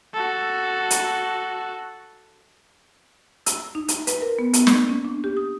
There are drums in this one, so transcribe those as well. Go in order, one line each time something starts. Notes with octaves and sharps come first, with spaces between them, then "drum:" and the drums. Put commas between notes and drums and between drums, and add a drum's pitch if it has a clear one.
F#4 A4
drum: hi-hat
E6, drum: hi-hat
D#4
D#4, drum: hi-hat
B4, drum: hi-hat
A#4
B3
B3, drum: hi-hat
A#3, drum: snare
C#4
D4
G4
D#6